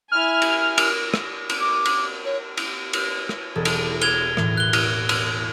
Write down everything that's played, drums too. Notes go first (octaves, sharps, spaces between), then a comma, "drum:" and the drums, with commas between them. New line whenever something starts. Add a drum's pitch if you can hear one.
E4 G#5 F6
drum: cymbal
drum: cymbal
drum: rim click
drum: cymbal
D6
drum: cymbal
C#5
drum: cymbal
drum: cymbal
drum: rim click
E1 G#4 A4
drum: cymbal
G#6 F7 G7, drum: cymbal
A2 E3, drum: rim click
F#6 G7
drum: cymbal
drum: cymbal